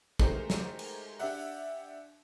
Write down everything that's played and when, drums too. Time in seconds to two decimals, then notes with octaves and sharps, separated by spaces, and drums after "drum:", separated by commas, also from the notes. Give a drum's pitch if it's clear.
0.19 G#3 A3 D#4 G4 A#4 C5, drum: kick
0.50 drum: snare
0.79 drum: cymbal
1.19 D4 G4 E5 F#5, drum: open hi-hat